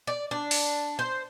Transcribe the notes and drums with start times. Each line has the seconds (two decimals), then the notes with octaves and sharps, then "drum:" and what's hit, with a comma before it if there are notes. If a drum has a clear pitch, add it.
0.07 D5
0.31 D4
0.51 drum: open hi-hat
0.99 C5